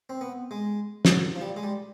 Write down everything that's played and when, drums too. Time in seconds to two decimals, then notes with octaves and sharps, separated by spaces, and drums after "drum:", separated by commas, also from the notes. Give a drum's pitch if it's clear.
0.10 C4
0.21 B3
0.51 G#3
1.05 drum: snare
1.36 F3
1.41 G3
1.57 G#3
1.63 G3